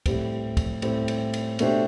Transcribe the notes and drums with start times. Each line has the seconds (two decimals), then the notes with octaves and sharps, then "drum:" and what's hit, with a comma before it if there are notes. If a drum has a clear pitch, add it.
0.06 A2 G3 C4 G4, drum: kick, cymbal
0.57 drum: kick, cymbal
0.82 A2 G3 C4 G4, drum: cymbal
1.08 drum: cymbal
1.34 drum: cymbal
1.59 B2 A3 D4 G4 C5, drum: cymbal